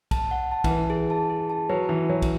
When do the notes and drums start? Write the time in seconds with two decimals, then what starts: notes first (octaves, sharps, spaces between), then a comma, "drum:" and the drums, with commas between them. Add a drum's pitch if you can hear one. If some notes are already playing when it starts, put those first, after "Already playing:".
0.11 A5, drum: kick, cymbal
0.31 F#5
0.51 A5
0.64 E3, drum: kick, cymbal
0.71 B4
0.90 G#4
1.10 A5
1.30 G#4
1.50 A5
1.69 F#3 B4
1.89 E3 B4
2.09 F#3 F#4
2.22 drum: kick, cymbal